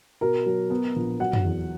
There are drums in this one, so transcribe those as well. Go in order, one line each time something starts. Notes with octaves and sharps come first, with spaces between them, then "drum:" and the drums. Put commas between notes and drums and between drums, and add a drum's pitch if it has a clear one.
B2 A#4
F#3
B3
A#1
F#3 F#5
drum: tom
E2